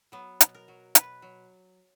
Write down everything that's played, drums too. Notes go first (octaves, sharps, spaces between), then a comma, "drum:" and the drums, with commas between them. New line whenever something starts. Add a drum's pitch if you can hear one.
F#3 B3
B2, drum: hi-hat
A#4
F#3
B2 B4, drum: hi-hat
F#3